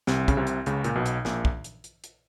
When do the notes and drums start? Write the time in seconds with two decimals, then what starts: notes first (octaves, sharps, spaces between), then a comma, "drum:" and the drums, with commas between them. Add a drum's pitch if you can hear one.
0.07 C2 C3, drum: snare
0.28 C#3, drum: kick, hi-hat
0.37 C2 C3
0.47 drum: hi-hat
0.66 C#2 C#3, drum: hi-hat
0.84 A#2, drum: hi-hat
0.95 B1 B2
1.06 drum: hi-hat
1.25 A#1 A#2, drum: snare
1.45 drum: kick
1.64 drum: hi-hat
1.84 drum: hi-hat
2.04 drum: hi-hat